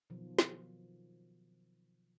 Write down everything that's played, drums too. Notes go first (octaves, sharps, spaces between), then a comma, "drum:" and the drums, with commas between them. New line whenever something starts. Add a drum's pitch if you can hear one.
B2 D#3 F3 F#3
drum: snare